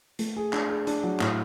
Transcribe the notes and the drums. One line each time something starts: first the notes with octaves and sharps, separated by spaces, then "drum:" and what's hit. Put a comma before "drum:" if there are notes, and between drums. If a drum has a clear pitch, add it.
A3, drum: hi-hat
G#4
D4, drum: clap
G#4
D4, drum: hi-hat
F#3
A2, drum: clap